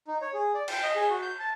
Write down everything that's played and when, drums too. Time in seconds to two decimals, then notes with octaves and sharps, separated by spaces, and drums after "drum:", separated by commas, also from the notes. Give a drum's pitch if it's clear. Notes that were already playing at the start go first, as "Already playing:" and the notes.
0.08 D#4
0.22 C#5
0.34 G#4
0.54 D5
0.68 G5, drum: cymbal
0.83 D#5
0.95 G#4
1.10 F#4
1.22 G6
1.40 A5